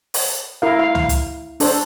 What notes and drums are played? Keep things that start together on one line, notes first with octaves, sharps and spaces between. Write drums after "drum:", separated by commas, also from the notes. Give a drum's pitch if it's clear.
drum: open hi-hat
E4 A#4 F5
F5
F5, drum: tom
drum: hi-hat
D4 A4 C5, drum: open hi-hat